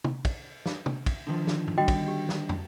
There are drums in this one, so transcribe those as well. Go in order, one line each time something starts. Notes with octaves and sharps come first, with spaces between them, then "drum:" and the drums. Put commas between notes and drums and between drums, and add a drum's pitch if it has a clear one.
drum: tom
drum: kick, cymbal
drum: snare
drum: tom
drum: kick, cymbal
D3 D#3 F3
drum: snare
drum: tom G#2
D3 D#3 G3 F#4 D#5 G5
drum: kick, cymbal
G4
drum: snare
drum: tom